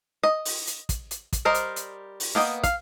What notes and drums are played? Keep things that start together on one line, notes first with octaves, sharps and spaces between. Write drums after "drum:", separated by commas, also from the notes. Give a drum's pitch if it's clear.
D#5
drum: open hi-hat
drum: hi-hat
drum: kick, hi-hat
drum: hi-hat
drum: kick, hi-hat
G3 A#4 C5 D#5
drum: hi-hat
drum: hi-hat
drum: open hi-hat
A#3 B3 D#5 G5
F5, drum: kick, hi-hat